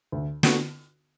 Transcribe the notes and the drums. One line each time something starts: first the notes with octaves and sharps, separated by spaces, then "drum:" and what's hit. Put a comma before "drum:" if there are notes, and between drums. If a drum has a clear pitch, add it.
D2
D3 B3 F#4, drum: snare